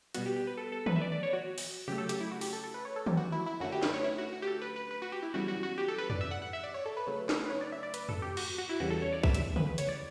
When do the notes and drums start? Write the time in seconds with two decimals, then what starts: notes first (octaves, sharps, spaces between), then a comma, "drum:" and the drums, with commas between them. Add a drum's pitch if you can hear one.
0.14 B2 G3 B3 F#4, drum: hi-hat
0.26 G4
0.36 G4
0.47 B4
0.57 A4
0.72 A4
0.86 B4, drum: tom D#3
0.96 E5
1.01 D5
1.12 D5
1.23 C#5
1.33 F#4
1.58 drum: open hi-hat
1.88 C#3 F#3 A3 G4
1.98 A4
2.09 G4, drum: hi-hat
2.20 E4
2.31 F#4
2.41 G4, drum: open hi-hat
2.53 A4
2.64 A4
2.74 B4
2.85 C#5
2.96 A4
3.06 G4, drum: tom D#3
3.17 F#4
3.32 E4
3.46 E4
3.60 F#2 D3 A3 F#4
3.72 G4
3.83 B4, drum: snare
3.94 C#5
4.04 E4
4.18 F#4
4.33 F#4
4.42 G4
4.47 A4
4.62 B4
4.76 B4
4.91 B4
5.02 F#4
5.12 G4
5.23 E4
5.34 F#2 C#3 E3 G3 B3 F#4
5.48 F#4
5.63 F#4
5.78 G4
5.88 A4
5.98 B4
6.10 D5, drum: tom F2
6.21 E5
6.31 F#5
6.42 F#5
6.53 E5
6.64 D5
6.74 C#5
6.86 A4
6.97 B4
7.07 C#3 F#3 A3
7.29 drum: snare
7.46 B4
7.50 C#5
7.61 D5
7.72 E5
7.83 D5
7.94 B4, drum: hi-hat
8.09 A4, drum: tom F2
8.22 G4
8.37 F#4, drum: cymbal
8.58 F#4
8.69 E4
8.80 E2 C#3 E3 G3 F#4
8.90 A4
9.02 C#5
9.12 D5
9.23 E5, drum: kick
9.34 E5, drum: hi-hat
9.56 B4, drum: tom C#3
9.67 B4
9.78 C#5, drum: hi-hat
9.89 D5